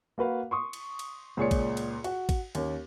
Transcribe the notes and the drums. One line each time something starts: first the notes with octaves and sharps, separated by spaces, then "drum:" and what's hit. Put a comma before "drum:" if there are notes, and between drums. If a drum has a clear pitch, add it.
A#3 F#4 B4 F5
C6 C#6 D#6
drum: cymbal
drum: cymbal
C#2 A#2 G#4 C#5 D5 C#7
drum: kick, cymbal
drum: cymbal
F#4, drum: cymbal
drum: kick, cymbal
D#2 C#4, drum: cymbal